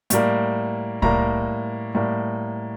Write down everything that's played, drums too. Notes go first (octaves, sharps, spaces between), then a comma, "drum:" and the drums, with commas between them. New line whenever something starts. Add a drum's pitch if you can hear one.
A2 G3 A#3, drum: hi-hat
A2 G3 A#3 A#5, drum: kick C2
A2 G3 A#3